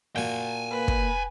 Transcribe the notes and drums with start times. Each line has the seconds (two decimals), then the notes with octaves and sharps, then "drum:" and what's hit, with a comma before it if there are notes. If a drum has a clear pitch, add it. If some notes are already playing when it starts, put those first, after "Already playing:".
0.16 A#2 F#4 G5 G#5
0.71 A#3 B4
0.88 drum: kick